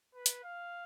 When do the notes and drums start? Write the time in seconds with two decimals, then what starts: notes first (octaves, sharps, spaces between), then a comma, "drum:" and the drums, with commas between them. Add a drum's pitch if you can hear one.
0.14 B4
0.26 drum: hi-hat
0.43 F5